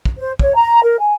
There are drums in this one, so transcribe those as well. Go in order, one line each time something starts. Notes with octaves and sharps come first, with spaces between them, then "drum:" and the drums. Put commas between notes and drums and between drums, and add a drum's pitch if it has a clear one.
drum: kick
C5
C#5, drum: kick
A#5
A#4
G#5